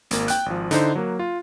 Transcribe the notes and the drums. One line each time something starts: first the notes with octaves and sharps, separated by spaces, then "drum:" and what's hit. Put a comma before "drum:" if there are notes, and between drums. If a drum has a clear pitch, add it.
G#1 A#3, drum: hi-hat
G5 F#6, drum: hi-hat
G#1 F3
D3 D#4 E4 C5, drum: hi-hat
F#3 A#3
F4